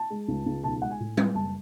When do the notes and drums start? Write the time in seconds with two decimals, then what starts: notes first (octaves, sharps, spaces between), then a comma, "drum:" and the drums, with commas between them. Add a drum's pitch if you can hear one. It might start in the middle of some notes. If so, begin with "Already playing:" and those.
Already playing: A5
0.10 G#3
0.28 C#2
0.46 C#2
0.64 B1 A5
0.82 G#3 F#5
0.90 G#5
1.00 A2
1.17 G#3, drum: tom G3
1.35 F#1 A5